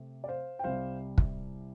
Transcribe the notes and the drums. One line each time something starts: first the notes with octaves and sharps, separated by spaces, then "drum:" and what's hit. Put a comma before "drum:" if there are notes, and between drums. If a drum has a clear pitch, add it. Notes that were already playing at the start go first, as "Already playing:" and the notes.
Already playing: C3 A3 C4
D5
C5 F5
G5
C2 C3 G3 C5 F5
drum: kick